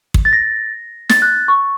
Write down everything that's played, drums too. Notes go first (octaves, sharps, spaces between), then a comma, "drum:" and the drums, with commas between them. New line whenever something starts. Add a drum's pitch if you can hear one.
drum: kick
A6
A#6
A6, drum: snare
F#6
C#6